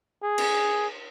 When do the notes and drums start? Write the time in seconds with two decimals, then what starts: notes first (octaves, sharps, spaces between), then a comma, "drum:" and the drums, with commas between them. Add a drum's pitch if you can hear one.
0.23 G#4
0.38 drum: cymbal